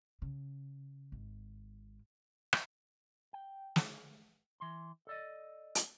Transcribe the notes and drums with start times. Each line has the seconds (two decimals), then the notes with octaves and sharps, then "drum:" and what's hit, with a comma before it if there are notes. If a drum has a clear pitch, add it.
0.22 C#3
1.12 G#1
2.53 drum: rim click
3.33 G5
3.76 drum: snare
4.60 E3 C6
5.07 A4 D5 D#5
5.75 drum: hi-hat